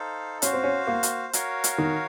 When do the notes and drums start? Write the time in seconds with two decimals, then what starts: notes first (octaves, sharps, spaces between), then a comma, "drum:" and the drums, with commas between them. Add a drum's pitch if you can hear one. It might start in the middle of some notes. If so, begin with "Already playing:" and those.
Already playing: D#4 A4 C5 F5
0.42 C#4 F#4 C5 F5, drum: hi-hat
0.53 C4
0.64 C#4
0.87 A#3
1.03 drum: hi-hat
1.33 F#4 A#4 C#5 F5, drum: hi-hat
1.64 drum: hi-hat
1.78 D#3